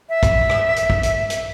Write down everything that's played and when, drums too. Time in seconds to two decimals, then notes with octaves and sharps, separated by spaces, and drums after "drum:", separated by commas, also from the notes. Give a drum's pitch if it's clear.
0.09 E5
0.23 drum: kick, hi-hat
0.49 drum: rim click
0.76 drum: hi-hat
0.90 drum: kick
1.03 drum: hi-hat
1.30 drum: hi-hat